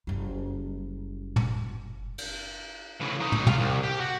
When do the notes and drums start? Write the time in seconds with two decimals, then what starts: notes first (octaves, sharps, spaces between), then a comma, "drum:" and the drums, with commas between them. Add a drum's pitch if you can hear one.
0.07 F#1 G3
1.36 drum: tom
2.18 drum: cymbal
3.00 A2 C#3
3.20 F#3 D#4
3.32 drum: tom
3.47 F#3 F4, drum: tom
3.60 C2
3.84 G4
4.00 F#4